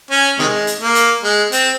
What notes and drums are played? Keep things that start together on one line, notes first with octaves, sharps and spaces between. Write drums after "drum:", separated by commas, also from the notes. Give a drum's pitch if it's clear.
C#4
C3 D#3 G#3
drum: hi-hat
A#3
drum: hi-hat
G#3
C4, drum: hi-hat